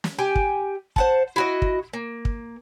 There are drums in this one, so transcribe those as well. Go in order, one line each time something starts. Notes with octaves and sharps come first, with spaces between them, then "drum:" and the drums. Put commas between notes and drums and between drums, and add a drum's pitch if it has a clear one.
drum: snare
G4 G5 G#5
drum: kick
C5 F#5 A5, drum: kick
E4 F#4 D#5
drum: kick
A#3
drum: kick